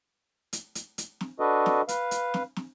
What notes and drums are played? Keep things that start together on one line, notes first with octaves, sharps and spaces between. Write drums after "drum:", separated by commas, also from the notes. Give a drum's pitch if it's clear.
drum: hi-hat
drum: hi-hat
drum: hi-hat
drum: snare
D4 F#4 A4 B4 D#5
drum: snare
B4 F5, drum: hi-hat
drum: hi-hat
drum: snare
drum: snare